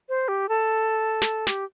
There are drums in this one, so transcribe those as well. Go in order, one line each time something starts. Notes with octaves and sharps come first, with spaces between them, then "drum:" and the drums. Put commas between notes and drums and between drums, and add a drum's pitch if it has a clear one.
C5
G4
A4
drum: snare
G4, drum: snare